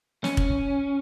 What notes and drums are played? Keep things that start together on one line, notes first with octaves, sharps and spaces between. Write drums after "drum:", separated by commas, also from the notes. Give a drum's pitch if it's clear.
C#4, drum: snare
drum: kick